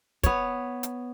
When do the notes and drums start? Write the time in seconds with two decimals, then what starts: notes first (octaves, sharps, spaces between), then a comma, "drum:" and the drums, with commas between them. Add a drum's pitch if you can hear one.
0.23 B3 C#5, drum: kick, hi-hat
0.83 drum: hi-hat